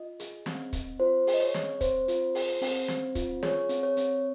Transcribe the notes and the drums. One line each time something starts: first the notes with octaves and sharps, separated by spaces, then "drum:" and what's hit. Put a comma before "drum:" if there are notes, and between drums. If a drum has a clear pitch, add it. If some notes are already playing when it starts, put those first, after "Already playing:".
Already playing: F4 D#5
G#4, drum: hi-hat
C4, drum: snare
C4, drum: kick, hi-hat
F4 C5
G#4, drum: open hi-hat
D#5
C#5
C4, drum: snare
C4 C5, drum: kick, hi-hat
F4, drum: hi-hat
G#4, drum: open hi-hat
C4, drum: open hi-hat
C4, drum: snare
F4, drum: kick, hi-hat
G#4 C#5, drum: snare
C4, drum: hi-hat
C#5
C4, drum: hi-hat